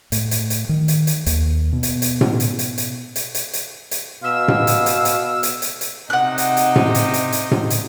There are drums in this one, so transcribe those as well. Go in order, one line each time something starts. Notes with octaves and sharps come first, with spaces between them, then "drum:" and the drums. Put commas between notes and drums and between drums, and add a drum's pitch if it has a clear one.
A2, drum: hi-hat
drum: hi-hat
drum: hi-hat
D#3
drum: hi-hat
drum: hi-hat
D#2, drum: hi-hat
B2
drum: hi-hat
drum: hi-hat
drum: tom A2
drum: hi-hat
drum: hi-hat
drum: hi-hat
drum: hi-hat
drum: hi-hat
drum: hi-hat
drum: hi-hat
B2 F5 E6
drum: tom A2
drum: hi-hat
drum: hi-hat
drum: hi-hat
drum: hi-hat
drum: hi-hat
drum: hi-hat
C3 D#4 F#5 F#6
drum: hi-hat
drum: hi-hat
drum: tom A2
drum: hi-hat
drum: hi-hat
drum: hi-hat
drum: tom A2
drum: hi-hat